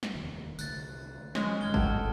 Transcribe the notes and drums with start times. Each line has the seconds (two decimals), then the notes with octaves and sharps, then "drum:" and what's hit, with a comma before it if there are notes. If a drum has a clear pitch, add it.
0.03 drum: snare
0.14 F1 D#2 D#3
0.59 C2 D3 A3 F#6 A6, drum: tambourine
1.35 F3 G#3 C#4 C#6 D#6 F#6, drum: snare
1.61 A1 D#2 D#3 F6 G#6 G7
1.74 G#1 F#2 A2 A4 F#5 G5 A5, drum: kick G1